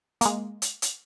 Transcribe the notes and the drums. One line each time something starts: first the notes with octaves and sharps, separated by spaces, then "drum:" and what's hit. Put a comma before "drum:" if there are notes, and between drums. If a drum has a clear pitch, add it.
G#3 A#3, drum: hi-hat
drum: hi-hat
drum: hi-hat